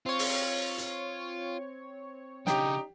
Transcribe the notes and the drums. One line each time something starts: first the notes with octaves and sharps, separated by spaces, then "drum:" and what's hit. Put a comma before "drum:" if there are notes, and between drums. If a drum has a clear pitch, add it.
C4 F4 C#5
drum: open hi-hat
drum: hi-hat
C#3 D4 D#4 G4 G5, drum: snare